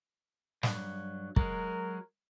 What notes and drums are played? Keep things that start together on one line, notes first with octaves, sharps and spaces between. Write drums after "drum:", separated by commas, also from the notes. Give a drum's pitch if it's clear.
G2 F#3, drum: snare
F#3 G#3 A#4, drum: kick